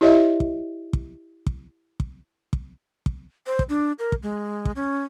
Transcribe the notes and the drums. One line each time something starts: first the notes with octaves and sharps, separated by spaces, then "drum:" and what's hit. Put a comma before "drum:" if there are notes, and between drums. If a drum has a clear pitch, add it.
E4 G4 C#5 D#5 E5
drum: kick
drum: kick
drum: kick
drum: kick
drum: kick
drum: kick
C5
drum: kick
D4
A#4
drum: kick
G#3
drum: kick
C#4